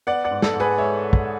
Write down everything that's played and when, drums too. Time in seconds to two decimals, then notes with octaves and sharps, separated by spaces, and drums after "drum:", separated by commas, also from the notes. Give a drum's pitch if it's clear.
0.07 B3 D5 F#5
0.25 D5 F#5
0.31 G#2
0.42 A4, drum: snare
0.54 G#2
0.60 G#4 B4
0.78 G#3 C#5 E5
1.13 drum: kick